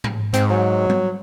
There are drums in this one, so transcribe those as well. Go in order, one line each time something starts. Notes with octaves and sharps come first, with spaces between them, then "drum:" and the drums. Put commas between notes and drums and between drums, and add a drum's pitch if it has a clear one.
drum: tom
G#2 C4, drum: hi-hat
F#3
drum: tom G3